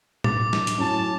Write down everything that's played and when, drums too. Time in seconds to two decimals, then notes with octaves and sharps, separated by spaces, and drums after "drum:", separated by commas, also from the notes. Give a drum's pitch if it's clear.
0.24 D6 A6, drum: tom A2
0.53 drum: snare
0.67 drum: hi-hat
0.78 A2 F#3 C#4 A5